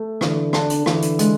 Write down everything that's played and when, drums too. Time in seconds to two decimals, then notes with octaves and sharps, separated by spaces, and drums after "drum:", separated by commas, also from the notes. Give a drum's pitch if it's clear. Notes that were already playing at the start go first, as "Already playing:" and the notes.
Already playing: A3
0.21 D3 E3, drum: rim click
0.53 D4, drum: rim click
0.70 drum: hi-hat
0.86 D3 E3, drum: rim click
1.02 drum: hi-hat
1.19 G#3, drum: hi-hat